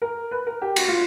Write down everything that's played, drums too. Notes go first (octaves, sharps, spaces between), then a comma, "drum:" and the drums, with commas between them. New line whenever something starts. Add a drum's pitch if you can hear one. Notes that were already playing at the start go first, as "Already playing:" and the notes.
A#4
B4
A#4
G4
F#4, drum: cymbal
F4